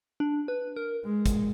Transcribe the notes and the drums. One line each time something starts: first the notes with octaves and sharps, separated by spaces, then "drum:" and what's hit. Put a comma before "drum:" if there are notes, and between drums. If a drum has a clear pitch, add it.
D4
B4
A#4
G#3
drum: kick, hi-hat